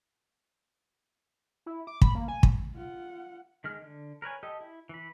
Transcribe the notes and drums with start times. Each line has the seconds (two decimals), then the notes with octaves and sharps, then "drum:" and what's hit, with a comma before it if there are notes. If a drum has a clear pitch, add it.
1.66 E4
1.87 D6
2.01 B5, drum: kick
2.15 A#3
2.28 G#5
2.43 drum: kick
2.74 F4 F#5
3.64 D#3 G#3 F6
3.82 D3
4.22 A#4 B4 C#5 G#5
4.43 G4 A4 D#5
4.61 E4
4.89 E3 B5